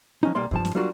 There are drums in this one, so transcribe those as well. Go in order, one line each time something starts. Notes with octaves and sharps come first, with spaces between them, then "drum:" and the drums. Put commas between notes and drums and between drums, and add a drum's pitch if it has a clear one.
F3 C#4 D#4
B1 G3 A#3 D5 C6
G2 F3 A5, drum: kick
drum: snare
F#3 G3 A#3 D4 F4 F#4